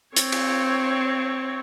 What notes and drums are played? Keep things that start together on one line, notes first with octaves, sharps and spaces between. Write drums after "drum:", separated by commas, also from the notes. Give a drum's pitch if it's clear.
C4 C#5, drum: hi-hat
drum: cymbal